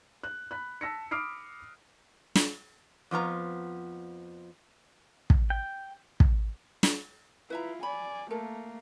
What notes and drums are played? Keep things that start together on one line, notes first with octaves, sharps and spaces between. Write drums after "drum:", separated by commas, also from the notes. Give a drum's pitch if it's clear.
F#6
B5 F#6
A5 E6 A#6 B6 C#7
B5 D6 D#6 F6 C7 D7
drum: snare
F2 F3 B3 A#5
drum: kick
G5
drum: kick
drum: snare
E4 F4 B4 E5 A#5
D5 G#5 B5
A3 A#3 A4 A#4